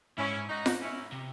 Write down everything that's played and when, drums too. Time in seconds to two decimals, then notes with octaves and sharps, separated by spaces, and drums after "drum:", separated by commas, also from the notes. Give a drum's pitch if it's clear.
0.17 G#2 C#4 E4
0.49 D#4 F#4
0.66 drum: snare F4
0.80 C#4 E4
1.12 C3